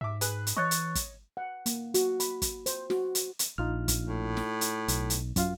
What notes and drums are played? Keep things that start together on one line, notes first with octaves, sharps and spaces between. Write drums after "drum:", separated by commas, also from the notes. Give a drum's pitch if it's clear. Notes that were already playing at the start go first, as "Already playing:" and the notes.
G#2 E5 D6
G#4 B4, drum: hi-hat
drum: hi-hat
E3 C#5 D#5 C#6 F#6 A6
drum: hi-hat
drum: kick, hi-hat
F#5
A#3, drum: hi-hat
F#4, drum: hi-hat
B5, drum: hi-hat
drum: kick, hi-hat
C5, drum: hi-hat
F#4, drum: snare
drum: hi-hat
drum: hi-hat
A#1 D#4 F4 F6
drum: kick, hi-hat
A2
drum: snare
drum: hi-hat
B1, drum: hi-hat
drum: hi-hat
F#2 F4 F5, drum: kick, hi-hat